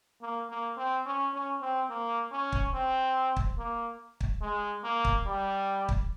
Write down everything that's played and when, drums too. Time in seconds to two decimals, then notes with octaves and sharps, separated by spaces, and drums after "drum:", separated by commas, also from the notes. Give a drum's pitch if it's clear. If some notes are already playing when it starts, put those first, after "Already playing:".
0.22 A#3
0.49 A#3
0.77 C4
1.06 C#4
1.34 C#4
1.61 C4
1.90 A#3
2.32 C#4
2.52 drum: kick
2.73 C4
3.37 drum: kick
3.58 A#3
4.21 drum: kick
4.41 G#3
4.83 A#3
5.05 drum: kick
5.26 G3
5.89 drum: kick